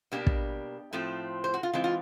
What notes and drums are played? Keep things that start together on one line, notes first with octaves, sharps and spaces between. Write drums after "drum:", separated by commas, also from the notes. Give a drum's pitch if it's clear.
B2 G3 A#3 D4 G4
drum: kick
A2 F3 A3 C4
C5
F#4
F4
E3 G#3 C4 F4
F4